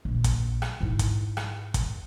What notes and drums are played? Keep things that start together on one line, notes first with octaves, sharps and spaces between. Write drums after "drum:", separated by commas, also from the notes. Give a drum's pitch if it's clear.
A#1
drum: kick, hi-hat
drum: rim click
G#2 E4
drum: kick, hi-hat
drum: rim click
drum: kick, hi-hat